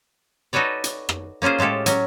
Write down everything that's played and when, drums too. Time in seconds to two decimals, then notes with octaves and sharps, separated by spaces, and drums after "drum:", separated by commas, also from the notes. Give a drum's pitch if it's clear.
0.53 D#4 F#4 A4 B4 C#5 D5
0.84 drum: hi-hat
1.09 drum: rim click
1.42 A#3 C#4 F4 G#4 C5
1.59 A2 G#3 F4 G4 A4
1.86 F#3 C#4, drum: hi-hat